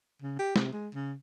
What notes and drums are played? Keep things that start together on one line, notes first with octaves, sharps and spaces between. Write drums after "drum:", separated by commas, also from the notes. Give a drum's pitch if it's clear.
C#3
G4
C3, drum: snare
G#3
C#3